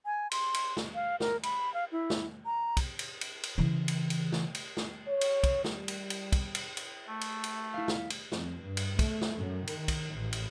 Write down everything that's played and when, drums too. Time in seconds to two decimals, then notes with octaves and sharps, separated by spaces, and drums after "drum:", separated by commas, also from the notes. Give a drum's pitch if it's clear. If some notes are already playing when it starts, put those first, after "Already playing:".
0.05 G#5
0.31 C6, drum: cymbal
0.54 drum: cymbal
0.77 drum: snare
0.95 F5
1.20 A#4, drum: snare
1.43 B5, drum: cymbal
1.74 F5
1.92 E4
2.10 drum: snare
2.46 A#5
2.77 drum: kick, cymbal
2.99 drum: cymbal
3.21 drum: cymbal
3.43 drum: cymbal
3.58 C#3 E3
3.88 drum: cymbal
4.10 drum: cymbal
4.32 drum: snare
4.55 drum: cymbal
4.77 drum: snare
5.08 C#5
5.21 drum: cymbal
5.44 drum: kick, cymbal
5.64 G3, drum: snare
5.88 drum: cymbal
6.10 drum: cymbal
6.32 drum: kick, cymbal
6.55 drum: cymbal
6.77 drum: cymbal
7.07 A3
7.21 drum: cymbal
7.44 drum: cymbal
7.74 E4 F5
7.88 drum: snare
8.10 drum: cymbal
8.32 F2, drum: snare
8.62 G2
8.77 drum: cymbal
8.99 A3, drum: kick, cymbal
9.21 drum: snare
9.38 F#2
9.67 D#3, drum: cymbal
9.88 drum: kick, cymbal
10.16 A1
10.33 drum: cymbal